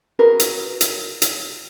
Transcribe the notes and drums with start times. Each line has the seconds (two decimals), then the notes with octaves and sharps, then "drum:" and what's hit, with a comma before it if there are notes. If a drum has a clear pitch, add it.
0.19 F#4 G#4 A#4 B4
0.40 drum: hi-hat
0.81 drum: hi-hat
1.22 drum: hi-hat